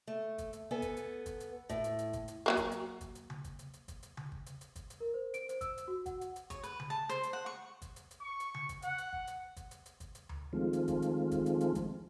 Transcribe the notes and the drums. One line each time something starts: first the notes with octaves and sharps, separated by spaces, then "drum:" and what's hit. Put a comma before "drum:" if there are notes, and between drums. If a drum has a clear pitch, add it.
A3
drum: kick, hi-hat
drum: hi-hat
B3 A4 G#5
drum: kick, hi-hat
drum: hi-hat
drum: kick, hi-hat
drum: hi-hat
A2, drum: kick, hi-hat
drum: hi-hat
drum: hi-hat
drum: kick, hi-hat
drum: hi-hat
F#3 G3 A#3
drum: kick, hi-hat
drum: hi-hat
drum: kick, hi-hat
drum: hi-hat
drum: tom C#3
drum: kick, hi-hat
drum: hi-hat
drum: hi-hat
drum: kick, hi-hat
drum: hi-hat
drum: tom C#3
drum: kick
drum: hi-hat
drum: hi-hat
drum: kick, hi-hat
drum: hi-hat
A#4
C5
D7, drum: hi-hat
C5, drum: hi-hat
E6, drum: kick, hi-hat
drum: hi-hat
F#4
F#5, drum: kick, hi-hat
drum: hi-hat
drum: hi-hat
C#5, drum: kick, hi-hat
B4, drum: hi-hat
drum: tom C#3
A5
C5, drum: hi-hat
drum: hi-hat
F#5
C#6
drum: kick, hi-hat
drum: hi-hat
drum: hi-hat
C#6
drum: hi-hat
drum: tom C#3
drum: kick, hi-hat
F#5, drum: hi-hat
drum: hi-hat
drum: kick
drum: hi-hat
drum: kick, hi-hat
drum: hi-hat
drum: hi-hat
drum: kick, hi-hat
drum: hi-hat
drum: tom D2
D#3 F3 G#3 A3 C4 F4
drum: hi-hat
drum: kick, hi-hat
drum: hi-hat
drum: kick, hi-hat
drum: hi-hat
drum: hi-hat
drum: kick, hi-hat